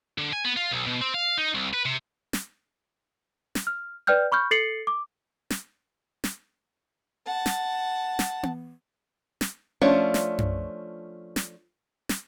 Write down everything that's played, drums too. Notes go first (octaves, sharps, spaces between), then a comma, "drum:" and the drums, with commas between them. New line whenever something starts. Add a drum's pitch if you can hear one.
D3
G#5
B3
F4
B1
B2
C4
F5
D#4
C2
B4
C3
drum: snare
drum: snare
F6
B4 D5 G5 F6 G6
B5 C#6 F6 G6
A4 A6 C7 C#7 F#7
D6
drum: snare
drum: snare
F#5 A5
drum: snare
drum: snare
drum: tom B3
drum: snare
F3 A3 C#4 D4 F4
drum: snare
drum: tom F#2
drum: snare
drum: snare